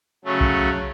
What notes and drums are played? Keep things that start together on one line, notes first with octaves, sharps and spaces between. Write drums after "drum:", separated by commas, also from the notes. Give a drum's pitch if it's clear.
C#3 F#3 A3 C#4
drum: kick B1